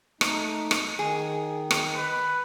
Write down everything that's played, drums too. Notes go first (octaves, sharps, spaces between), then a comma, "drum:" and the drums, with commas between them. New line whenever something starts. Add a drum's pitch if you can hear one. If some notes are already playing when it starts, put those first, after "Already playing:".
A3 D#4, drum: rim click
drum: rim click
D#3 G#4
drum: rim click
B4